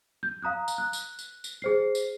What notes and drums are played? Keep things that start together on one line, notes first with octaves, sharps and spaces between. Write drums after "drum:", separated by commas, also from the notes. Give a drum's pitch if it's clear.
G6
F5 A#5 D#6 F#6
drum: tambourine
F#6
drum: tambourine
drum: tambourine
drum: tambourine
G#4 C5 C7
drum: tambourine